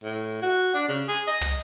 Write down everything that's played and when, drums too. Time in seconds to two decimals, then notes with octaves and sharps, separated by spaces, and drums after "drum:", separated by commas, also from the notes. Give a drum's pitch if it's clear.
0.04 A2
0.42 F#4
0.74 D4
0.89 C#3
1.08 G#4
1.28 D#5
1.41 drum: tom